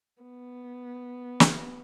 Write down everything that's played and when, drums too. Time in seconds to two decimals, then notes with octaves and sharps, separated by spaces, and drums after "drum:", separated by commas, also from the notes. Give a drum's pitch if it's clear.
0.22 B3
1.40 drum: snare